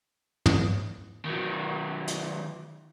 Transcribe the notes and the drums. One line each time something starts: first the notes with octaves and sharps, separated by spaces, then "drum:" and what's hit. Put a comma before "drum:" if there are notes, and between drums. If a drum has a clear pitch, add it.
drum: tom
D#3 F#3
drum: hi-hat